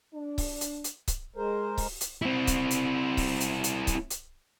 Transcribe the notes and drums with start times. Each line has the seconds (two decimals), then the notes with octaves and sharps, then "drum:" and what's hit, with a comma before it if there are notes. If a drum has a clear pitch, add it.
0.14 D4
0.38 drum: kick C#1, open hi-hat
0.61 drum: hi-hat
0.84 drum: hi-hat
1.08 drum: kick C#1, hi-hat
1.36 G#3 G#4 A#4 C5
1.78 drum: kick C#1, open hi-hat
2.01 drum: hi-hat
2.22 C4 E4
2.47 drum: kick C#1, hi-hat
2.71 drum: hi-hat
3.17 drum: kick C#1, open hi-hat
3.41 drum: hi-hat
3.64 drum: hi-hat
3.87 drum: kick C#1, hi-hat
4.10 drum: hi-hat